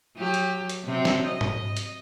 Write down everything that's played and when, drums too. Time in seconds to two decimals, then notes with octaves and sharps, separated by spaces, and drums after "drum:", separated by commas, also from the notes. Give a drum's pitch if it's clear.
0.16 F#3 G4
0.34 drum: hi-hat
0.69 drum: hi-hat
0.85 C3 F#3 C4
1.05 drum: snare
1.26 D#5
1.41 drum: tom G#2
1.77 drum: hi-hat